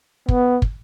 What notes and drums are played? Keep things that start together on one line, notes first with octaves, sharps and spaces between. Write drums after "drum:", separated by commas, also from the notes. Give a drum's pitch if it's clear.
B3, drum: kick
drum: kick